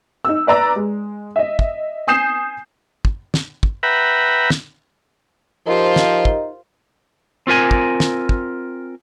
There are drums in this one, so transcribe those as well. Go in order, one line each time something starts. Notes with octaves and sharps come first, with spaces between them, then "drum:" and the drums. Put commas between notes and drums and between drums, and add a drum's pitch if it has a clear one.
D#4 E6
B4 D5 A#5 E6
G#3
D#5 E5
drum: kick
G#5 D#6 G6 C7 E7
drum: kick
drum: snare
drum: kick
B4 E5 F#5 G5 A#5 B5
drum: snare
F3 D#4 F4 G4 A#4 C5
drum: snare
drum: kick
C4 F4 A#4 G#5
drum: kick
drum: snare
drum: kick